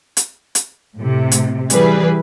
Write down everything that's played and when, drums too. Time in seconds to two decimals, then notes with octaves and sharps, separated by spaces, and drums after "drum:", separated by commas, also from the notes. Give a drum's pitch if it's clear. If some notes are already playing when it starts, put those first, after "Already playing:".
0.17 drum: hi-hat
0.55 drum: hi-hat
0.96 A2 C3
1.32 drum: hi-hat
1.70 E3 G3 G#4 B4, drum: hi-hat